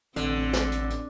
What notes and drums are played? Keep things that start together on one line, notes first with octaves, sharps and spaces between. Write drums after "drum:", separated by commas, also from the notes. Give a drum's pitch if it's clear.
A1 D3 C4, drum: hi-hat
drum: snare
drum: hi-hat
drum: hi-hat